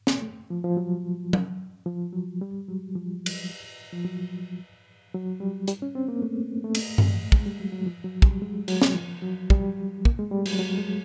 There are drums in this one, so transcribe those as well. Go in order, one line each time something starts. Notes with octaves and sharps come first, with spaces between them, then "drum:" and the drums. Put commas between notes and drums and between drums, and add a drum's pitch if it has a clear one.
drum: snare
A3
F3
F3
F#3
drum: tom F#3
F3
F#3
G3
F#3
F3
drum: cymbal
F3
F#3
F#3
G3
G3, drum: hi-hat
C#4
C4
A#3
A3
A3
drum: cymbal
drum: tom G2
G#3, drum: kick
G3
F#3
F#3
F3
F#3
G3, drum: kick
G#3
F#3, drum: cymbal
drum: snare
F3
F#3
G3, drum: kick
A#3, drum: kick
G#3
G3
F#3, drum: cymbal
F#3
G#3